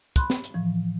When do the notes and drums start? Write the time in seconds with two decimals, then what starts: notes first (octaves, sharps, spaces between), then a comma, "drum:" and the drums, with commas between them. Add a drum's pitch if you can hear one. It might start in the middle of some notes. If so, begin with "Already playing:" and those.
0.16 B5 C6 F#6, drum: kick, hi-hat
0.30 drum: snare
0.44 drum: hi-hat
0.54 A2 E3 F3